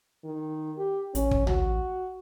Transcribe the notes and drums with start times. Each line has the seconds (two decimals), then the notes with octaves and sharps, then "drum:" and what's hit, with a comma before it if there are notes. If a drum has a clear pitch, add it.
0.24 D#3
0.77 G4
1.15 A1 C#4, drum: hi-hat
1.31 drum: kick
1.47 F#4, drum: tom C#2